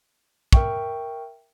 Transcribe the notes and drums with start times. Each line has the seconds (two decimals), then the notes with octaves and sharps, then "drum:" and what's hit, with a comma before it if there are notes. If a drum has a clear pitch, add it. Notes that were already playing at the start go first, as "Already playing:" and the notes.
0.53 A#4 E5 G5 C#6, drum: kick